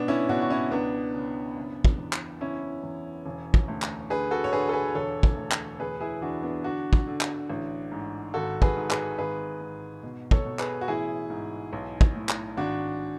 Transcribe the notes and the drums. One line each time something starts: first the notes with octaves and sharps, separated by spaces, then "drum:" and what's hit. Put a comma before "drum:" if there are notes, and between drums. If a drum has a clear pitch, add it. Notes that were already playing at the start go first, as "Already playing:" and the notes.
Already playing: G#2 B2 B3 D4
C#4 E4
B2 D4 F#4
F#4
C#4 E4
C#2 B3 D4
C#3
F#1
drum: kick
E2
drum: clap
F#1 C#4 E4
E2
E1
drum: kick
D2
drum: clap
D3 G#4 B4
F#4 A4
C#5
D3 G#4 B4
A4
G#4 B4
E1 A4 C#5
drum: kick
D2
drum: clap
E1 G#4 B4
E4 G#4
E2 D4 F#4
B3 D4
D3 D4 F#4
drum: kick
D3
drum: clap
A1
G#2
G#1 F#4 A4
G#4 B4, drum: kick
G#2
G#4 B4, drum: clap
G#1 G#4 B4
G#2
B2
A4 C#5, drum: kick
B2
G#4 B4, drum: clap
F#4
A1 E4 G#4
G#2
B1
drum: kick
A2
drum: clap
G#1 D4 F#4